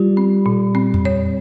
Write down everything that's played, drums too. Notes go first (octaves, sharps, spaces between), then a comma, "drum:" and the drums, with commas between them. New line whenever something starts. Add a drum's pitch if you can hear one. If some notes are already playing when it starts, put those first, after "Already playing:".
Already playing: G3 F4
C4
A#2
C4
drum: tom E2
C#5